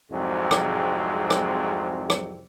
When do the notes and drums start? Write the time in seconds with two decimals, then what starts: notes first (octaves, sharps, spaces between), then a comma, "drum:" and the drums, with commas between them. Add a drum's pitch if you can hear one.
0.11 C2 F2 G#2 F#3 G#3 C4
0.51 drum: rim click
1.30 drum: rim click
2.10 drum: rim click